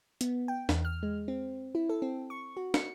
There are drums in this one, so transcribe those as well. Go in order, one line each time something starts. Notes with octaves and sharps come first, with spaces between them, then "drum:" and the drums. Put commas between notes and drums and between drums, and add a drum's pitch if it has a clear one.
B3, drum: hi-hat
G5
E2, drum: snare
F6
G#3
C4
E4
A4
C4
C#6
F#4
C#7, drum: snare